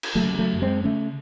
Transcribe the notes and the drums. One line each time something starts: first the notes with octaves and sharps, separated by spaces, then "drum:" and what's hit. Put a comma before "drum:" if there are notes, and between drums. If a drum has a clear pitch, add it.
drum: cymbal
F#3 A3
C#3
G#3
F#3 A3
F#2
G#3 C4
C#3 A3 C#4